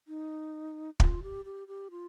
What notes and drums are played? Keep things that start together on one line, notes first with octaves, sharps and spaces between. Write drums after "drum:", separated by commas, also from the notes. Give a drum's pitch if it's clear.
D#4
F4, drum: kick
G4
G4
G4
F4